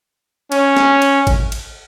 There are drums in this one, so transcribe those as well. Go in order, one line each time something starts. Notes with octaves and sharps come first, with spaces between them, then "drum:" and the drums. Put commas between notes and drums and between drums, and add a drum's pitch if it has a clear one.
C#4, drum: cymbal
drum: snare
drum: cymbal
drum: kick G#1, cymbal
drum: cymbal